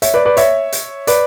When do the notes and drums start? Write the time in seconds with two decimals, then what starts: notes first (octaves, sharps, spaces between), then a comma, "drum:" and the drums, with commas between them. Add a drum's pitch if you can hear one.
0.02 C#5 E5, drum: hi-hat
0.14 B4 D5
0.25 B4 D5
0.37 C#5 E5, drum: hi-hat
0.72 drum: hi-hat
1.07 B4 D5, drum: hi-hat